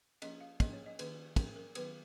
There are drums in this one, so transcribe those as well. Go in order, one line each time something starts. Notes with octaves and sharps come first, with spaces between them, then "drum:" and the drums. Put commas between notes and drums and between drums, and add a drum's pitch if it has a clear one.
F3 A#3 C#4 D#5, drum: cymbal
F5
F3 A#3 C#4 D#5, drum: kick, cymbal
C#5
D#5
D#3 A#3 C#4 B4, drum: cymbal
F3 A#3 C#4 A#4, drum: kick, cymbal
A#4
D#3 F#3 B3 B4, drum: cymbal